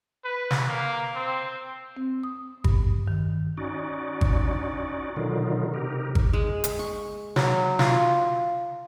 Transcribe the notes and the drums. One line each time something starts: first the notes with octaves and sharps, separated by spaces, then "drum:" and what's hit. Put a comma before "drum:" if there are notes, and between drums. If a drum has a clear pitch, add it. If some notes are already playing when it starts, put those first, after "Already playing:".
B4
drum: snare
A#3
C4
C4
D#6
G2, drum: kick G#1
D#3
C#4 D#4 F#4 D5
drum: kick G#1
B2 D3 D#3 F#3 D#4 F4
C3 D#4 G4 A#4
drum: kick G#1
G#3
drum: hi-hat
C#6
F#3, drum: snare
F4, drum: snare